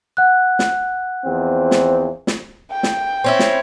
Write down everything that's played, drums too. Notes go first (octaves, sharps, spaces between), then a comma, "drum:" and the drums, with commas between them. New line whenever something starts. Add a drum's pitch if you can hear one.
F#5 F#6
drum: snare
E2 F3 C4
drum: snare
drum: snare
G5
drum: snare
C4 C#4 E4
drum: snare